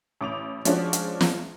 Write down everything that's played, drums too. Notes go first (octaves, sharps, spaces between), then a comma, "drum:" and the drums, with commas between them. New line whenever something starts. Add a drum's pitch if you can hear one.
A1 D6 F7
F3 G#3 C#4 D4 F4 F#4, drum: hi-hat
drum: hi-hat
drum: snare